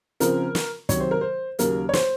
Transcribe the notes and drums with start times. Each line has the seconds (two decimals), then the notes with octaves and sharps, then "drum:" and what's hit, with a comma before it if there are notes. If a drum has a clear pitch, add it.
0.20 C#3 F3 C4 A#4, drum: hi-hat
0.55 drum: snare
0.89 C3 D#3 F#3 C#5, drum: kick, hi-hat
1.00 C5
1.11 A#4
1.21 C5
1.59 D#2 C#3 F#3 A#3 A#4, drum: hi-hat
1.89 C#5
1.93 C5, drum: snare